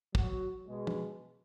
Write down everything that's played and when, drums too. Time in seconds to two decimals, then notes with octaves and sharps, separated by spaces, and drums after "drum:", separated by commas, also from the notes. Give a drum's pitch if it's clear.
0.15 F#3 F#4, drum: kick
0.67 B2 G#3
0.87 drum: tom